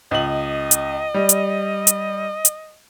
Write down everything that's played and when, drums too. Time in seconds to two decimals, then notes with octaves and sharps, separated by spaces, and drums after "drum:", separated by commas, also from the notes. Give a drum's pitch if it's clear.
0.11 C#2 D#5 F#7
0.71 drum: hi-hat
1.14 G3
1.29 drum: hi-hat
1.87 drum: hi-hat
2.45 drum: hi-hat